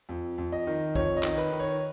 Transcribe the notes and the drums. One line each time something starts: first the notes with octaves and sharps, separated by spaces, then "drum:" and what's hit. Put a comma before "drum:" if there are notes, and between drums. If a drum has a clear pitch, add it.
F2
F2
D#5
D#3
F2 C#5, drum: kick
D#5
D#3, drum: clap
B4
D#3
C#5